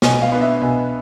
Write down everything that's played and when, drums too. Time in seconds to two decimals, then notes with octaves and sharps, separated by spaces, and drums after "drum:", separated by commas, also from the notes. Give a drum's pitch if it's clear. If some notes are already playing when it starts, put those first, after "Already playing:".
0.02 B2 G#5, drum: snare
0.22 F5
0.32 B3 D4
0.41 E5
0.62 B2 G#5